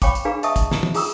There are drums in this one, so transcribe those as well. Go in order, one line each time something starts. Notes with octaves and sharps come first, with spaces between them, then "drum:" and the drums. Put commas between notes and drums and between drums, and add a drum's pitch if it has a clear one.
C#5 F5 G5 B5 C#6 D6, drum: kick, hi-hat
drum: hi-hat
D4 G#4 B4 F5 A#5
D#5 E5 A5 C#6 D#6, drum: hi-hat
drum: kick, hi-hat
A#5, drum: snare
drum: tom
F4 G#4 A#5 D#6 E6, drum: open hi-hat